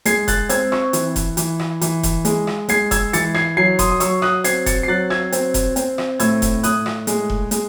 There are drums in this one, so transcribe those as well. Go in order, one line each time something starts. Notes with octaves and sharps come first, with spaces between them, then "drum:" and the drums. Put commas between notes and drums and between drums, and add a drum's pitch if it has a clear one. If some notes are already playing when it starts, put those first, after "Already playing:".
G#3 G#6 C7, drum: hi-hat
F#6 A6, drum: kick E1, hi-hat
C4 E6 G#6, drum: hi-hat
C#6 E6, drum: rim click
E3, drum: hi-hat
drum: kick E1, hi-hat
E3, drum: hi-hat
drum: rim click
E3, drum: hi-hat
drum: kick E1, hi-hat
G#3, drum: hi-hat
drum: rim click
G#3 G#6 C7, drum: hi-hat
E6 G#6, drum: kick E1, hi-hat
E3 A6 C#7, drum: hi-hat
G#6 C7, drum: rim click
F#3 G#6 C7
C6 D#6, drum: kick E1, hi-hat
D#6
F#3 C#6 E6, drum: hi-hat
D#6 F#6, drum: rim click
C4 G#6 C7, drum: hi-hat
A6 C#7, drum: kick E1, hi-hat
C7
F#3 F#6 A6
E6 G#6, drum: rim click
C4, drum: hi-hat
drum: kick E1, hi-hat
C4, drum: hi-hat
drum: rim click
A2 E6 G#6, drum: hi-hat
drum: kick E1, hi-hat
A2 D#6 F#6, drum: hi-hat
drum: rim click
G#3, drum: hi-hat
drum: kick E1
G#3, drum: hi-hat